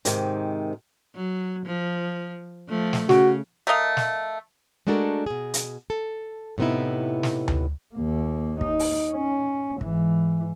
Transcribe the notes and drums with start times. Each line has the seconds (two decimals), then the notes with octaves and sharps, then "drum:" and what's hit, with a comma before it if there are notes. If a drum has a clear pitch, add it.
0.05 G#2 C3 D#3, drum: hi-hat
1.15 F#3
1.66 F3
2.69 F3 A3
2.93 drum: snare
3.09 C#3 F#4, drum: snare
3.67 A3 A#4 D#5 F5
3.97 drum: snare
4.87 G#3 A3 D4 F#4 A4 A#4
5.26 B2 G#4
5.54 drum: hi-hat
5.90 A4
6.58 A2 C3 B3 D#4 E4
7.23 drum: snare
7.48 drum: tom D2
7.95 D#2 A#3
8.61 D#4, drum: kick
8.79 drum: open hi-hat
9.12 C#4
9.81 G#2 E3, drum: kick